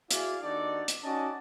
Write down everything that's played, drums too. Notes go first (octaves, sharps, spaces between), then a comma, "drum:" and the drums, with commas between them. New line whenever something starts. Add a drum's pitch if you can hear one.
E4 F#4 G#4 D5 F5, drum: hi-hat
D#2 D4 D#4 F#4 A4 D5
drum: hi-hat
C#4 D#4 F#4 D5 D#5 A5